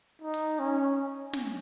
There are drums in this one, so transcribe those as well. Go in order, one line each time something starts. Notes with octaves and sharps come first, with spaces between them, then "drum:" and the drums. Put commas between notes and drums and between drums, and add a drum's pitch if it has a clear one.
D#4
drum: open hi-hat
C#4
drum: snare